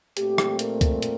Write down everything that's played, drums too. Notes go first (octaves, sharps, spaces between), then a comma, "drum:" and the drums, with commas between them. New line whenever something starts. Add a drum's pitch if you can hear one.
A#2 A3 C4 G4, drum: hi-hat
drum: rim click
A#4, drum: hi-hat
drum: kick C2, hi-hat
drum: hi-hat